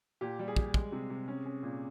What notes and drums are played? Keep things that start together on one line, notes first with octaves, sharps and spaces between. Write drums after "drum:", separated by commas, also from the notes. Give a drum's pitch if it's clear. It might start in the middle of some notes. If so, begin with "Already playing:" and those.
A#2 G4
G3
G#4
G3, drum: kick
G#3, drum: kick
C3
C3
C#4
C#4
A#2